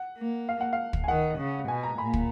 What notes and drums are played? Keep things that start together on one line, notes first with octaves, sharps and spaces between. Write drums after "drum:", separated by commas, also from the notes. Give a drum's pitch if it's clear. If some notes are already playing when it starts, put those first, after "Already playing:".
Already playing: F#5
A#3
F5
F#5
F5
drum: kick
G#5
D#3 F#5
C#3
B2 G#5
A#5
A#2 B5
drum: kick